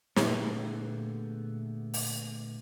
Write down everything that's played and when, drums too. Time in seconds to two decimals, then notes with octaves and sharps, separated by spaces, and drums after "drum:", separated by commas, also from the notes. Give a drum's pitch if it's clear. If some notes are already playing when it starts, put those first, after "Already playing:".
0.16 A#2 D3 A3 B3 G4 G#4, drum: snare
1.94 drum: open hi-hat